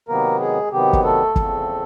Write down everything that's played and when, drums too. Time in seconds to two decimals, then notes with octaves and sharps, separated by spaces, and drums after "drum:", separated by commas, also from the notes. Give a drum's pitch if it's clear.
0.08 C3 D#3 F#3 A#3 B3 A#4
0.40 G#3 G#4
0.71 C3 D#3 F#3 B3 G4
0.93 drum: kick
1.03 A3 A4
1.36 E2 C#3 F3 A3 C4, drum: kick